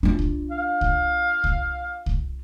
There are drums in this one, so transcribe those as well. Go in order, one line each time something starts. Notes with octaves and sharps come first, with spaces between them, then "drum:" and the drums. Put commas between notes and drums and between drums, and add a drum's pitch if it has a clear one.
D4 F4
drum: kick C2
F5
drum: kick C2
drum: kick C2
drum: kick C2